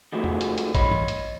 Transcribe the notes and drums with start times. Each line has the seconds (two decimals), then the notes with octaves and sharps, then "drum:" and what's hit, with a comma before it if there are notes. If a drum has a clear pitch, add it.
0.12 D#3 F3 G#3 A3 F#4
0.24 drum: tom E2
0.41 drum: hi-hat
0.58 drum: hi-hat
0.75 C#5 D#5 B5, drum: kick A1, hi-hat
0.91 drum: tom G2
1.08 drum: hi-hat